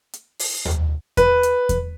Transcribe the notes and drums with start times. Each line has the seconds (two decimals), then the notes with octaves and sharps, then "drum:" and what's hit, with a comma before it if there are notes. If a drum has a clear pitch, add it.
0.13 drum: hi-hat
0.39 drum: open hi-hat
0.65 drum: tom D#2
1.17 B4, drum: kick E2, hi-hat
1.43 drum: hi-hat
1.69 drum: kick E2, hi-hat